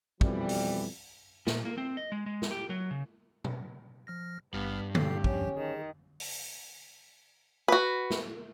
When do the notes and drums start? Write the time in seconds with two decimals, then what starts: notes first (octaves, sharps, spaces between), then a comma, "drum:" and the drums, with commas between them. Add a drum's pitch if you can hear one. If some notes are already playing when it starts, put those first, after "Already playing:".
0.21 F2 B2 E3 F3 G3, drum: kick
0.49 drum: open hi-hat
1.47 A#2, drum: snare
1.65 A#3
1.78 C4
1.97 D#5
2.12 G#3
2.26 G#3
2.42 drum: snare
2.51 G4
2.70 F#3
2.91 C#3
3.44 drum: tom B2
4.07 F3 F6 A#6
4.54 G#1 G2 B3 F6
4.95 B2 G4 A4 C7, drum: tom D3
5.24 B1 E2 F3 C#4, drum: kick
5.57 D#3 G#4
6.20 drum: open hi-hat
7.68 F#4 B4
8.10 drum: snare